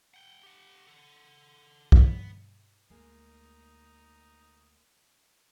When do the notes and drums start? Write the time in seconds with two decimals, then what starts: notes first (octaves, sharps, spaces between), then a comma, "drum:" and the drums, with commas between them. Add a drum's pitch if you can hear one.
0.14 F#5 G5
0.43 G4 F#5
0.87 A4 F#5
1.92 B3, drum: kick
2.90 D2 G#3 A#3 D#4